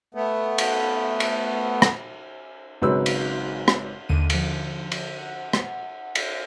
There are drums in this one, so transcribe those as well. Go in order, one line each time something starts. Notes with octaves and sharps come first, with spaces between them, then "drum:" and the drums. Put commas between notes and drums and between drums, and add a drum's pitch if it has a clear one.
A3 B3
drum: cymbal
drum: cymbal
drum: rim click
G#1 G#2 C#3 F#3 B4 E6
drum: cymbal
drum: rim click
D#2 D3 D#7
D3 F3, drum: cymbal
drum: cymbal
F#5
drum: rim click
drum: cymbal